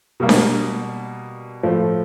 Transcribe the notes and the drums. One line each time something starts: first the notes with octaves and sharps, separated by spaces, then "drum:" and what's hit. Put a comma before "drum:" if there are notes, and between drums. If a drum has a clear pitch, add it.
B2 G3 A#3
drum: snare D4
A2 F3 A3